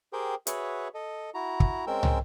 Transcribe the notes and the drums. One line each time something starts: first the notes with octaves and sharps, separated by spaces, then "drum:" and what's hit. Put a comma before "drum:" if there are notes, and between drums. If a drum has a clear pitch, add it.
G4 G#4 A#4 C5 G5
F#4 G#4 B4 C#5 E5 F#5, drum: hi-hat
A4 D#5
E4 F#4 A#5
drum: kick
G#3 C4 C#4 A#4 G5 E6
drum: tom